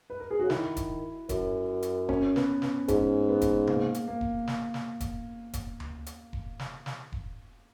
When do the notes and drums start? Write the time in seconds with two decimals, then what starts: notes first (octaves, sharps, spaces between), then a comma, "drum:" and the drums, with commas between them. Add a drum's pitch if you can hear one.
0.10 B4
0.20 A#4
0.31 G#4
0.39 C#3 F#4
0.50 D#3 E4, drum: snare
0.76 drum: kick E1, hi-hat
1.29 F#2, drum: kick E1, hi-hat
1.82 drum: hi-hat
2.09 C#4, drum: kick E1
2.36 B3, drum: snare
2.62 B3, drum: snare
2.88 G#2 C#4, drum: kick E1, hi-hat
3.29 B3
3.41 drum: kick E1, hi-hat
3.67 A#3, drum: tom C3
3.94 drum: hi-hat
4.08 A#3
4.21 drum: kick E1
4.47 drum: snare
4.74 drum: snare
5.00 drum: kick E1, hi-hat
5.53 drum: kick E1, hi-hat
5.80 drum: tom D2
6.06 drum: hi-hat
6.33 drum: kick E1
6.59 drum: snare
6.86 drum: snare
7.12 drum: kick E1